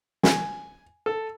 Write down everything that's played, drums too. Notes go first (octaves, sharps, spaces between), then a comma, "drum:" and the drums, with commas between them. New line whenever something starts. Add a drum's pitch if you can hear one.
G#5, drum: snare
A4